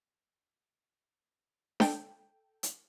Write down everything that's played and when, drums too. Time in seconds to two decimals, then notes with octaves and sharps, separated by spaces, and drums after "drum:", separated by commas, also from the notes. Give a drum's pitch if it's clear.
1.80 A4 G5, drum: snare D4
2.63 drum: hi-hat